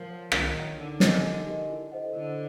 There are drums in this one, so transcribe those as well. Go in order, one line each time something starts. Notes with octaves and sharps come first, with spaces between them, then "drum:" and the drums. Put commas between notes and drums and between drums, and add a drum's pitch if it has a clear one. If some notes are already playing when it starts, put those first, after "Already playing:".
Already playing: F3 A#4
C#5 F#5
D#3 A#4, drum: rim click
C#5 F#5
D3 D#4
G4 A#4 D#5 G#5, drum: snare
D#4
G4 A#4 D#5 G#5
E4
A4 C5 D#5 F#5
D3 E4